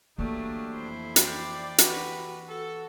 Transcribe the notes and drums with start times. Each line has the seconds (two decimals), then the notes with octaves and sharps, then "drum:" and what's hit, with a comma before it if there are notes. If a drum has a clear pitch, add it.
0.18 E3 F#3 G3 A3 A#3 D4
0.74 F2 E4 C5
1.16 D5 G5, drum: hi-hat
1.78 F#4 G4 B4, drum: hi-hat
2.49 F#4 A4